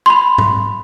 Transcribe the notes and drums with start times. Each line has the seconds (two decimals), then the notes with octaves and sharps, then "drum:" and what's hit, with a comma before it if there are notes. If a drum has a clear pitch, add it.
0.06 B5 C6
0.38 drum: tom G#2